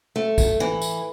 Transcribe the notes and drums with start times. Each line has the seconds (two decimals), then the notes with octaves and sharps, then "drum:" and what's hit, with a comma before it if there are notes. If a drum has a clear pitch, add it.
0.16 A3
0.38 drum: kick, tambourine
0.60 E3
0.82 drum: tambourine